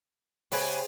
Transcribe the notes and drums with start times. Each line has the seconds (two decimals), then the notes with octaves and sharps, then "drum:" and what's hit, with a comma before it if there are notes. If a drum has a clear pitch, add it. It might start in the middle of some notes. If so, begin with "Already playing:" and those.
0.52 C#3 G#3 G4 B4 C5 G#5, drum: open hi-hat